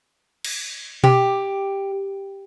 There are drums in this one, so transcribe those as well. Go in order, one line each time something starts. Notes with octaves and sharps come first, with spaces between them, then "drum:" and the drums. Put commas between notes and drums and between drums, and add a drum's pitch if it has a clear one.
drum: cymbal
G4, drum: tom B2